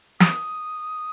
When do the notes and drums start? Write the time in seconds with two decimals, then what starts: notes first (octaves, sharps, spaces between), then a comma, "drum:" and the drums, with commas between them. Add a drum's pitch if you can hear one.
0.20 D#6, drum: snare